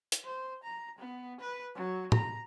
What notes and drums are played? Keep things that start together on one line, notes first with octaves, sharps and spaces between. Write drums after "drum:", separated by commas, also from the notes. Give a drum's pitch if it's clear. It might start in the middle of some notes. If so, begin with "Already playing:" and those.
drum: hi-hat
C5
A#5
B3
B4
F#3
A#5, drum: tom